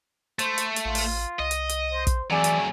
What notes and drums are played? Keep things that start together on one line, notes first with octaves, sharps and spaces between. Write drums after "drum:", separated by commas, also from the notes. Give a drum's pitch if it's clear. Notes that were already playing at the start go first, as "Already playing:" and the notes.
A3 C5, drum: hi-hat
drum: hi-hat
drum: hi-hat
A1 F4
drum: open hi-hat
C2 D#5
drum: hi-hat
drum: hi-hat
C5
drum: kick, hi-hat
E3 F#3 A3 C4 G#4 D5
drum: hi-hat